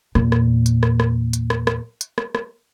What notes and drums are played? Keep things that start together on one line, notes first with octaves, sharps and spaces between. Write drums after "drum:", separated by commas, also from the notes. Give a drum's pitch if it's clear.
E2 A#2, drum: rim click
drum: rim click
drum: hi-hat
drum: rim click
drum: rim click
drum: hi-hat
drum: rim click
drum: rim click
drum: hi-hat
drum: rim click
drum: rim click